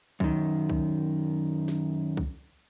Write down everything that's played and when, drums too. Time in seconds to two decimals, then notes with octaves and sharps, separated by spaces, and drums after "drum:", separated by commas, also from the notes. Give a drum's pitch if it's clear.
0.20 F#2 D#3, drum: kick C2
0.70 drum: kick C2
1.68 drum: snare D4
2.17 drum: kick C2